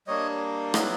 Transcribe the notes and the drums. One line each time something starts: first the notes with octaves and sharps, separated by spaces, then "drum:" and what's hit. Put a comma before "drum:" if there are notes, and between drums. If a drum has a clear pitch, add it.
G3 A#3 D4 C#5 D#5
F#3 B3 E4 D#5 F5, drum: rim click